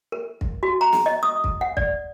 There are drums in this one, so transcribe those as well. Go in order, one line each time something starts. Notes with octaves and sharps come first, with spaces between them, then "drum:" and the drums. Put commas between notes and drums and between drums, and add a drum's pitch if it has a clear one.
A#4
drum: kick
F#4
A#5
drum: snare
D#5
D#6
drum: kick
F#5
D5, drum: kick